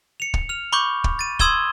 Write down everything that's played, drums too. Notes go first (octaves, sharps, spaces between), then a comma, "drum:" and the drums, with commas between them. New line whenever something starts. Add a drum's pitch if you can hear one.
C#7 F7
drum: kick
F6 F7
B5 C#6 D6 G6
drum: kick
A6 D#7
C6 D#6 E6 G#6 E7 G7, drum: kick